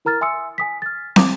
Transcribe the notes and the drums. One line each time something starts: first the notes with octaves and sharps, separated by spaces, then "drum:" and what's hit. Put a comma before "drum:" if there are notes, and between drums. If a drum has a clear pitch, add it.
E4 A#4 A#5 F6 A6
E5 G#5 C6 D#6 E6 C#7
G#5 D#6 B6
F6 A6
D6 D#6, drum: snare